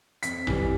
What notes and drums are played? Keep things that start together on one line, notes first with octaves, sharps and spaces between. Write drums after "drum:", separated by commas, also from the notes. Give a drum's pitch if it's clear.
F2 B6, drum: hi-hat
E3 G3, drum: tom A1